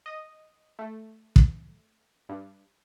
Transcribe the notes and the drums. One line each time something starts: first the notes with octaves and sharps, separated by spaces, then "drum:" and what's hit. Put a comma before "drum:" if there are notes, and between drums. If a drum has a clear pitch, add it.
D#5
A3
drum: kick
G2